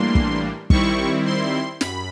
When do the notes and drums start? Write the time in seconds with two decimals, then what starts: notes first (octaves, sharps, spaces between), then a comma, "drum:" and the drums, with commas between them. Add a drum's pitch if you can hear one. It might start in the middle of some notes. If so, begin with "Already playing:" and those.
Already playing: A2 E3 G3 A#3 D4 C6
0.15 drum: kick
0.70 D#3 G3 C4 E4 C#6, drum: kick
1.26 C6
1.81 F#2 B5, drum: snare